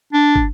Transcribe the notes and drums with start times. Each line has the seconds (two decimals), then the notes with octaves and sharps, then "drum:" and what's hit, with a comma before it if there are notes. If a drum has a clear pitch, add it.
0.13 D4
0.35 drum: kick